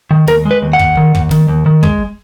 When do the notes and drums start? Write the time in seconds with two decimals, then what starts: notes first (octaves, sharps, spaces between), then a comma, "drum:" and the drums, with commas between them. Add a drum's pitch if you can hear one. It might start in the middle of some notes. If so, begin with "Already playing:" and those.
0.11 D#3
0.27 D#2 A#4, drum: snare
0.45 G#3
0.51 B4
0.62 D#2
0.73 F#5
0.79 D#2, drum: kick
0.97 D#3
1.15 D#2, drum: kick
1.31 D#3, drum: snare
1.48 D#2
1.66 D#3
1.83 G#3, drum: kick